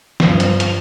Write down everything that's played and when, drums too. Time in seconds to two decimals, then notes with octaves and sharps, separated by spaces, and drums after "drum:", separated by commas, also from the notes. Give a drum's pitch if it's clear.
0.20 G2 F3, drum: snare
0.40 drum: hi-hat
0.60 drum: hi-hat